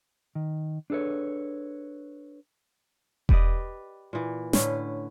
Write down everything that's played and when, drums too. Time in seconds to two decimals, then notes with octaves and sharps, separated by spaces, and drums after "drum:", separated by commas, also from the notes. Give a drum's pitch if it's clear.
0.35 D#3
0.90 D4 G#4 A4 B4 C#5
3.29 G4 B4 D5 D#5, drum: kick E1
4.13 A#2 E3
4.53 A2 D3 C#4 B4, drum: snare